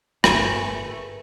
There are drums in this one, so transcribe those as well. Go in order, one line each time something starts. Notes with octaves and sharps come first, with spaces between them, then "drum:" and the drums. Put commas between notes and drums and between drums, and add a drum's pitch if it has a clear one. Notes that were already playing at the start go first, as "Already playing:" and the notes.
G1 A2 A3 G#4 A#4 B4 G#5, drum: rim click